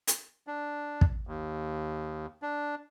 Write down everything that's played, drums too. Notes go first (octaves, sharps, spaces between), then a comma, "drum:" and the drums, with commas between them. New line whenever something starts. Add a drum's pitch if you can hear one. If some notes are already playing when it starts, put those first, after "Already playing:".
drum: hi-hat
D4
drum: kick
D#2
D4